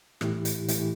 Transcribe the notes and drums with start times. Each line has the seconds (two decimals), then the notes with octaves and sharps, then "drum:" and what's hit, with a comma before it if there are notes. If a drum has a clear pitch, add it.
0.21 A2 E3 A3 E4 G4, drum: rim click
0.45 drum: hi-hat
0.68 A2 E3 A3 E4 G4, drum: hi-hat